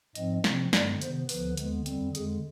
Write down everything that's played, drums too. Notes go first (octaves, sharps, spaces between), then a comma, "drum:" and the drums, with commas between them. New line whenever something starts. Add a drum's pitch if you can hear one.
G#2 F3 C4 D#5, drum: hi-hat
C3 F3 C4, drum: snare
G2 D3 G#3 B3 D5, drum: snare
C3 D#3 B3 C5, drum: hi-hat
D2 D3 F3 B3 B4, drum: open hi-hat
D#2 D3 G#3 B3, drum: hi-hat
F2 D3 G3 C4, drum: hi-hat
F2 D3 G#3 G#4, drum: hi-hat